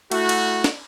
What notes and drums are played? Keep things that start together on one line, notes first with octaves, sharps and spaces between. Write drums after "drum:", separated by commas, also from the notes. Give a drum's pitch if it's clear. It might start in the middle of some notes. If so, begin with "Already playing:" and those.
A3 E4 F#4, drum: cymbal
drum: cymbal
drum: snare